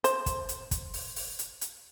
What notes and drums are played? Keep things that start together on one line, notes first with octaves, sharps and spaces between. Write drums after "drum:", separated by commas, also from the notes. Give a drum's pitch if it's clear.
C5, drum: hi-hat
drum: kick, hi-hat
drum: hi-hat
drum: kick, hi-hat
drum: open hi-hat
drum: open hi-hat
drum: hi-hat
drum: hi-hat